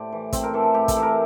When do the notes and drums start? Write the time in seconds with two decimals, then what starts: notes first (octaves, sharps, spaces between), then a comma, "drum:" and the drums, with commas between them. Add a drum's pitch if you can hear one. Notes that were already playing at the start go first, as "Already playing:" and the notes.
Already playing: A2 G4 C5 D5
0.12 E3
0.33 A2 C4, drum: kick, hi-hat
0.43 A#4
0.53 E3 A4
0.64 A4
0.74 A2 G4
0.88 A4, drum: kick, hi-hat
0.96 E3
1.02 A#4